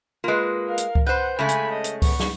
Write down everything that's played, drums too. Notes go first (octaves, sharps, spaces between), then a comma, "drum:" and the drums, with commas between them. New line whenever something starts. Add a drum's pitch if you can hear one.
G#3 A#3 F4 B4
A#4 F5
drum: hi-hat
drum: kick C#2
B4 C5 F#5 G6
C#3 G#3 A3 G#5 B5
drum: hi-hat
D#5
drum: hi-hat
B3 C#6, drum: kick C#2, open hi-hat
drum: snare